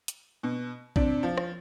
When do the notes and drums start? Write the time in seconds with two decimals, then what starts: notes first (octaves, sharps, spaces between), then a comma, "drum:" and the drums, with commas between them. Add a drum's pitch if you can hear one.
0.08 drum: hi-hat
0.43 B2
0.96 C3 D4, drum: kick A1
1.23 F3
1.38 drum: rim click